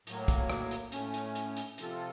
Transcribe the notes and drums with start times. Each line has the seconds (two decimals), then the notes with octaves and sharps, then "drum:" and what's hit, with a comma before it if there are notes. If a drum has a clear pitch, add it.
0.07 A2 F#3 A#3, drum: hi-hat
0.28 drum: kick, hi-hat
0.50 drum: rim click
0.71 drum: hi-hat
0.92 A2 A3 C#4, drum: hi-hat
1.14 drum: hi-hat
1.35 drum: hi-hat
1.57 drum: hi-hat
1.78 C3 F3 C4 F4 A4, drum: hi-hat